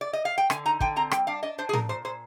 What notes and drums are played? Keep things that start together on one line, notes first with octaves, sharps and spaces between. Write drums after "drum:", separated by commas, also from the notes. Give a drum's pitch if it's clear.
D5
D#5
F5
G5
D3 G#5, drum: rim click
D#4 A#5
D3 G5, drum: kick
C4 A#5
G3 G5, drum: rim click
D4 F5
D4 D#5
D4 C5
G#4
A#2 A#4, drum: tom A2
A#2 C5
A#2 C5